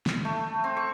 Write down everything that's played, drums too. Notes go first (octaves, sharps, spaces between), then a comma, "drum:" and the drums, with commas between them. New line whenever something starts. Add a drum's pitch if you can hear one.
drum: snare
A3
C4
C#6